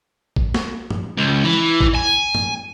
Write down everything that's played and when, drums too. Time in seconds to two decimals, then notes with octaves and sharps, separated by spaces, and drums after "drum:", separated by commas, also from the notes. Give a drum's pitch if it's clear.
0.36 drum: kick
0.54 drum: snare
0.90 drum: tom F#2
1.18 C#2
1.45 E3
1.81 drum: kick
1.95 G#5
2.35 drum: tom F#2